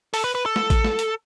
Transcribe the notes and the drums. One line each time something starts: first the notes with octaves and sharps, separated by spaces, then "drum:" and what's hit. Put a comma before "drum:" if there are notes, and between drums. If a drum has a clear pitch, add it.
A4, drum: open hi-hat
B4
B4
A4
drum: snare
drum: kick A1, hi-hat
drum: snare
drum: hi-hat